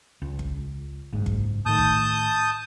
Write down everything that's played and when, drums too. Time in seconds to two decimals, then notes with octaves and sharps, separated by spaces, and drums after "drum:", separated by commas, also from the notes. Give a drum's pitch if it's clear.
0.22 C#2
0.39 drum: kick G1
1.13 F#1 G#2
1.26 drum: kick G1
1.66 A2 D#3 A5 D#6 G6
1.78 drum: kick G1